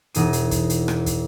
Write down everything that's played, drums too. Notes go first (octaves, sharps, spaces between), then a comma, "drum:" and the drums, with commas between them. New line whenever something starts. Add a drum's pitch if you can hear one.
E1 D#4 D#7, drum: hi-hat
drum: hi-hat
drum: kick, hi-hat
drum: hi-hat
drum: rim click
drum: kick, hi-hat